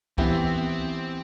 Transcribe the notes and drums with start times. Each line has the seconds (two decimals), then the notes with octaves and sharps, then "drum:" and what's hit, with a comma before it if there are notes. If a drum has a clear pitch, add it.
0.18 E3 B3 C4 E4 G4, drum: kick